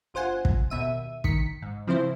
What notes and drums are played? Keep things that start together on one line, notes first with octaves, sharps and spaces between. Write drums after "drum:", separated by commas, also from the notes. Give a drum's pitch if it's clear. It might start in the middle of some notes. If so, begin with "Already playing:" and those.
G1 F4 C5 F#5 G#5
drum: kick
D#2 B2 E5 D#7
D#3 B6 C#7, drum: kick
G#2
C#3 F3 C4 E4 C5